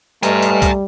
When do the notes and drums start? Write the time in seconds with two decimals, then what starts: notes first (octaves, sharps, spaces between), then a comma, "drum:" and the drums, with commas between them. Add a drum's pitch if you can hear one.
0.23 G3 A3 B4 D#5 G#5 A#5 F6, drum: hi-hat
0.43 drum: hi-hat
0.62 drum: kick, hi-hat